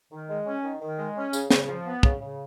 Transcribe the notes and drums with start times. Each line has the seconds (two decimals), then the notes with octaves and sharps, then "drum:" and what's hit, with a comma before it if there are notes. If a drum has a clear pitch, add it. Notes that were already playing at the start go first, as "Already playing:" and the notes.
0.11 D#3
0.29 G#3
0.46 C#4
0.64 D#3
0.81 D#3
0.98 G#3
1.16 C#4
1.33 C#3, drum: tambourine
1.50 C#3, drum: snare
1.68 F3
1.85 B3
2.03 C#3, drum: kick
2.20 C#3